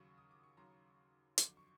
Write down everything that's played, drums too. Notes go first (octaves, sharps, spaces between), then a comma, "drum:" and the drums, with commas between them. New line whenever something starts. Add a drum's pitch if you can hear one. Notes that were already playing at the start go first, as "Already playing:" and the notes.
Already playing: D#2 C#3 F#3 C#6
D#6
D6
C#6
D#2 C#3 F#3 A#5 C6
F2 D3 F#3 C6 D6, drum: hi-hat
C#6